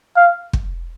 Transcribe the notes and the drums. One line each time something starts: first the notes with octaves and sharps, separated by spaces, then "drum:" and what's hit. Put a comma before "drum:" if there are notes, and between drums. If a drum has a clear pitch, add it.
F5
drum: kick